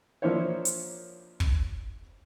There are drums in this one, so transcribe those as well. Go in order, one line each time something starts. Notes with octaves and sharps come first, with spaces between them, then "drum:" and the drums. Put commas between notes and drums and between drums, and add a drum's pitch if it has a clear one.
F3 A#3 D4 E4 C5 C#5
drum: hi-hat
drum: kick